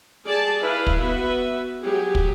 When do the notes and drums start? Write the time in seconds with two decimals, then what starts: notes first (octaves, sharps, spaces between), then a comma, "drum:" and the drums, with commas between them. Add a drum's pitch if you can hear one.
0.24 G3 G#4 D5 A5
0.61 E4 B4 F5
0.87 drum: kick
0.99 B3 F#4 B4 E5
1.83 F#3 G4 G#4
2.15 drum: kick